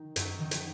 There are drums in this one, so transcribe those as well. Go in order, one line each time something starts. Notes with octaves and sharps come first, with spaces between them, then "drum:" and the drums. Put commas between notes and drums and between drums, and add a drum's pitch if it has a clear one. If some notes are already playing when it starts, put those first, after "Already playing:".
Already playing: D#3
F#2, drum: hi-hat
D#3
drum: hi-hat